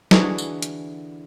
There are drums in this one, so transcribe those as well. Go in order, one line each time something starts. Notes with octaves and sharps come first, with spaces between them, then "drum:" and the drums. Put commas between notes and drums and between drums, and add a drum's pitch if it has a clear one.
D3 E3 F#4 G#4, drum: snare
drum: tambourine
drum: hi-hat